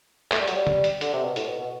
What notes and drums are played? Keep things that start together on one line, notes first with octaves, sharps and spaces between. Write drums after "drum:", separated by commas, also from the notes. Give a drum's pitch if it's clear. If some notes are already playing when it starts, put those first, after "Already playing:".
A3, drum: clap
G3
F#3, drum: hi-hat
G3
drum: tom
drum: hi-hat
D3, drum: hi-hat
C3
B2
A2, drum: hi-hat
B2
B2